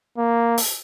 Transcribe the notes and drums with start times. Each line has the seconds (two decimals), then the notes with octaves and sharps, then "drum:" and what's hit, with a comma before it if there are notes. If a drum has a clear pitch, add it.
0.18 A#3
0.58 drum: open hi-hat